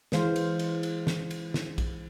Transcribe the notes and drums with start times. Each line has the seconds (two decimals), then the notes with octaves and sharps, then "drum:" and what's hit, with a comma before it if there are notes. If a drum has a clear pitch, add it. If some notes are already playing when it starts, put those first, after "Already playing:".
0.12 E3 G#3 C5 F5, drum: snare
0.36 drum: cymbal
0.59 drum: cymbal
0.83 drum: cymbal
1.07 drum: snare
1.31 drum: cymbal
1.54 drum: snare
1.78 drum: kick, cymbal